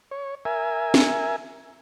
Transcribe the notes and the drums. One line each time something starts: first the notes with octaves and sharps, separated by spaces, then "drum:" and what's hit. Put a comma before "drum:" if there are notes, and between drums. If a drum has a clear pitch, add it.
C#5
A#4 E5 G#5
drum: snare